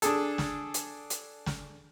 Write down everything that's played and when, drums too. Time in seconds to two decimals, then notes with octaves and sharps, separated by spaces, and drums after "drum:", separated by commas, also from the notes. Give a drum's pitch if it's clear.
0.02 D4 G#4 A4, drum: hi-hat
0.38 drum: snare
0.74 drum: hi-hat
1.10 drum: hi-hat
1.46 drum: snare